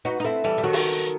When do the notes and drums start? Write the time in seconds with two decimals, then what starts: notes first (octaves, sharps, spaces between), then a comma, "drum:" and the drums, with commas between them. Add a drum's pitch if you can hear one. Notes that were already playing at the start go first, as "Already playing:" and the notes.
0.05 D#4 F#4 B4
0.20 D#4
0.24 C4 E4 A4
0.44 E3 G3 A4
0.58 G3
0.63 D#3 F#3 F#4
0.73 drum: open hi-hat